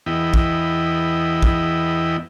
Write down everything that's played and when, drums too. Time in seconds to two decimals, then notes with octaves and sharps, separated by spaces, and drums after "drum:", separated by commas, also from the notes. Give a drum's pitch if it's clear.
0.06 E2 B3 E4 D#5 G5
0.34 drum: kick
1.42 drum: kick